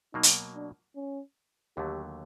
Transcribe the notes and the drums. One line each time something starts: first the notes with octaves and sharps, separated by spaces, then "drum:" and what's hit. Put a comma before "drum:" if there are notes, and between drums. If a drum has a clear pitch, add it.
B2 F#3 A#3 D#4
drum: hi-hat
D4
C#4
D#2 D3 F#3 A3 G4